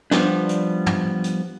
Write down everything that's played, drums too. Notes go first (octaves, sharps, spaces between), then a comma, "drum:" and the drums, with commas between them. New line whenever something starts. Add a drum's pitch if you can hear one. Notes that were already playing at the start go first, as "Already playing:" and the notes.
F3 G3 B3 D4, drum: snare
drum: hi-hat
drum: tom
drum: hi-hat